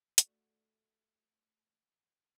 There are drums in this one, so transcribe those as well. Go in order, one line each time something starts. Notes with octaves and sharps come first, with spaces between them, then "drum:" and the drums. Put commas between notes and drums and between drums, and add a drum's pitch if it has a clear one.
A3 D4 F#4, drum: hi-hat